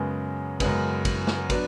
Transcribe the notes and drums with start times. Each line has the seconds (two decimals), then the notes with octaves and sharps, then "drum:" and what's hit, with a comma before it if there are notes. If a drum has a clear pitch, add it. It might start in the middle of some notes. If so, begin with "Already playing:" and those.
Already playing: F#2 C#3 G#3 B3
0.60 F#2 C#3 G#3 B3, drum: kick, cymbal
1.05 drum: kick, cymbal
1.27 drum: snare
1.50 F#3 B3 D4, drum: kick, cymbal